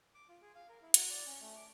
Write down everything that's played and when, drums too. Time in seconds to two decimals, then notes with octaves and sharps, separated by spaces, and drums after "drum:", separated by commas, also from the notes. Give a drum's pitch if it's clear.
0.15 D6
0.29 F4
0.42 G#4
0.55 F5
0.69 A#4
0.82 E4
0.94 F#4, drum: hi-hat
1.10 D5
1.27 C#4
1.41 A3
1.56 D6